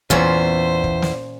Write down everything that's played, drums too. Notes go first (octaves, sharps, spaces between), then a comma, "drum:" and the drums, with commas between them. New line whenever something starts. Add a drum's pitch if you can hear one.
E2 A#2 C#4 F4 C5 E5, drum: kick
drum: kick
drum: snare